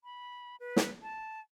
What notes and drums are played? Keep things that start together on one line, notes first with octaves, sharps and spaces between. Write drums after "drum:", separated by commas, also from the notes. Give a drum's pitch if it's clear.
B5
B4
drum: snare
A5